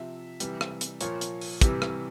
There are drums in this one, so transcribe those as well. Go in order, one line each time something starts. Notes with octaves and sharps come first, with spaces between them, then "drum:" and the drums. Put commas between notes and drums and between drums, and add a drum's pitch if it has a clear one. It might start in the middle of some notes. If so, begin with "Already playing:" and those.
Already playing: C3 F3 E5
C3 E3 G3, drum: hi-hat
drum: rim click
drum: hi-hat
A#2 F3 C#5, drum: hi-hat
drum: hi-hat
drum: open hi-hat
C3 E3 G3, drum: kick, hi-hat
drum: rim click